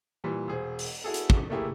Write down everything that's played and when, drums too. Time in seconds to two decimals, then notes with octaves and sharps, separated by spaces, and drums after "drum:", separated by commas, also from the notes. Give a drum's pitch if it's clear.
0.24 A#2 E3 G3
0.47 E1 G#4 C5
0.79 drum: open hi-hat
1.04 E4 F#4 G#4 A4
1.14 drum: hi-hat
1.30 drum: kick
1.50 A3 A#3 E4 G4 G#4